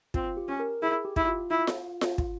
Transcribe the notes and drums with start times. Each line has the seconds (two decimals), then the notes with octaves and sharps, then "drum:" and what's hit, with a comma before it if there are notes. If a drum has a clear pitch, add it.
0.14 C4 F4, drum: kick
0.37 G4
0.48 C#4
0.59 A#4
0.82 E4 G#4
1.05 G4
1.16 E4, drum: kick
1.27 F4
1.50 E4 F4
1.67 drum: snare F4
2.01 drum: snare F4
2.18 F4, drum: kick